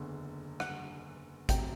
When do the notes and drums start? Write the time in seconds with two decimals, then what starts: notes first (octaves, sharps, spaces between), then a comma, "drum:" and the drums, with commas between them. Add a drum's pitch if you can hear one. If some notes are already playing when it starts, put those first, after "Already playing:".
Already playing: F#1 E2 D3
0.60 F#5, drum: rim click
1.49 D2 C3 F#3 G5, drum: kick, hi-hat